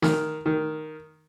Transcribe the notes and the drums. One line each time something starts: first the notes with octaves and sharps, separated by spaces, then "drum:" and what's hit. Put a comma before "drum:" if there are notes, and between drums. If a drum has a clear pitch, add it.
D#3, drum: snare
D#3